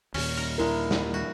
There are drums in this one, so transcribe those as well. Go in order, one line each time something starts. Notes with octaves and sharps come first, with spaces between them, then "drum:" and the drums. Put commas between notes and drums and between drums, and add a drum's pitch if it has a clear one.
D#2 A#2 C#4, drum: open hi-hat
A#4 A#5
D3 G#3 E4 A#4
drum: snare
F#4